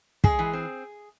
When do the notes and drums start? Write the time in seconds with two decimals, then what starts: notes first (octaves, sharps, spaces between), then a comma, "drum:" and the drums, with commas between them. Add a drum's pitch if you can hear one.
0.24 G#3 G#4, drum: kick
0.39 E3
0.53 C4